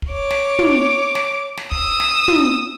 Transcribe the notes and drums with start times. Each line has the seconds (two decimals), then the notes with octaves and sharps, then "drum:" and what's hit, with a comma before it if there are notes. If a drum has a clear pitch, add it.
0.02 drum: kick
0.12 C#5 D6
0.30 drum: snare
0.59 drum: tom
1.15 drum: snare
1.57 drum: snare
1.72 D#6 E6, drum: kick
2.00 drum: snare
2.28 drum: tom